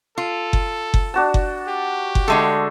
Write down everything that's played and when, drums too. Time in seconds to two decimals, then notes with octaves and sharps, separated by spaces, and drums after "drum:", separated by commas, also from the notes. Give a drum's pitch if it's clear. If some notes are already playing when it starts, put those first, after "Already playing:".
0.18 F4 A4
0.53 drum: kick F#1
0.94 drum: kick F#1
1.14 D4 F#4 A5
1.34 drum: kick F#1
1.68 G4
2.15 drum: kick F#1
2.28 D3 G#3 A3 A4